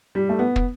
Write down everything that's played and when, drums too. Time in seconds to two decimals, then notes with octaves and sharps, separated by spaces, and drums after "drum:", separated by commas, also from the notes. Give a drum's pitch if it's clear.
0.15 G3
0.29 A3
0.39 B3
0.56 drum: kick